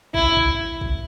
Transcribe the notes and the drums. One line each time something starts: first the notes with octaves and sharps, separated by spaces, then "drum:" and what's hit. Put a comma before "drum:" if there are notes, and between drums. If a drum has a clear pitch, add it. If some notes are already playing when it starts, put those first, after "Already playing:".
E4, drum: kick
drum: kick
drum: kick